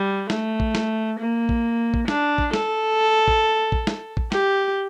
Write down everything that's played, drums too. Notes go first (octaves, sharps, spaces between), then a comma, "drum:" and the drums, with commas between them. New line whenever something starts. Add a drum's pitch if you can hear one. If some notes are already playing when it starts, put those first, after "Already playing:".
Already playing: G3
A3, drum: snare
drum: kick A1
drum: snare
A#3
drum: kick A1
drum: kick A1
D4, drum: snare
drum: kick A1
A4, drum: snare
drum: kick A1
drum: kick A1
drum: snare
drum: kick A1
G4, drum: snare